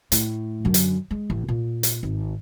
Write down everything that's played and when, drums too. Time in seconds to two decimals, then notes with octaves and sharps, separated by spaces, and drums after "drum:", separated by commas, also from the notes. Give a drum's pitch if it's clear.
0.12 A2, drum: hi-hat
0.65 F#2 D3
0.74 drum: hi-hat
1.11 G#3
1.30 A1
1.48 A#2
1.83 drum: hi-hat
2.03 G#1